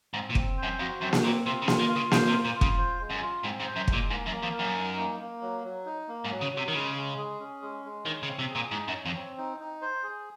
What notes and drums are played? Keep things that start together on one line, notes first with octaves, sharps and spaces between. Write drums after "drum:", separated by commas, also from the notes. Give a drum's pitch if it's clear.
G#2 C4
A#2
C4, drum: kick
C5
F#2
F2 F#4
F#2 C4
drum: snare A#3
A#2 C4
C3 F4
C#3
F4, drum: snare A#3
D#3
F5
C#3
C#3 C5, drum: snare A#3
C3
F4
A#2
F4
C#3, drum: kick
C5
G#3
F#2
F4
G#2 C4
G#2
C5
F#2
G#3, drum: kick
A#2
G#2 A#3
F#2
A#3
F2
A#4
F#2
D#4
A#3
A#3
F#3
F#3
D#4
A#3
G#2
F#3
C#3
C3 F#3
D#3
C#3 G#3
G#3
G#4
C#4
G#3
G#3
D#3 C#5
C#3
C4
C3
G#4
A#2
G#2 D#4
F#2
C#5
F2
C4
D#4
D#4
C5
G#4